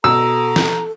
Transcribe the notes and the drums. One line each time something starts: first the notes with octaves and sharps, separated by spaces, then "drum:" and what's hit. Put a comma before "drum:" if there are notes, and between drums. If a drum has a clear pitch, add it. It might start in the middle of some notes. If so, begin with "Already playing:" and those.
B2 A4 A#5 E6
drum: snare